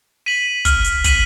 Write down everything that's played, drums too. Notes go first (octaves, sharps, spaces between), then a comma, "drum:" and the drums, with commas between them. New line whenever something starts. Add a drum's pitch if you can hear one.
B6 D#7 F#7
F6, drum: kick, hi-hat
drum: hi-hat
B6 D#7 F#7, drum: kick, hi-hat